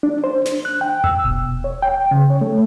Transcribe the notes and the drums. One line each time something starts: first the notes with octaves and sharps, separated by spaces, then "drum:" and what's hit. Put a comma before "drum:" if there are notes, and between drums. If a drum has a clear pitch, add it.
D4
C5
D4, drum: snare
F#6
G5
E6, drum: tom E2
B2, drum: kick D#1
C#5
G5
C#3
C#5
A3